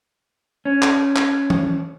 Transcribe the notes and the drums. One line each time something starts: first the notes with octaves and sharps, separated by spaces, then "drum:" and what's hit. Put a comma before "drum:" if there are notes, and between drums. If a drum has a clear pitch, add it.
C#4
drum: clap
drum: clap
drum: tom E3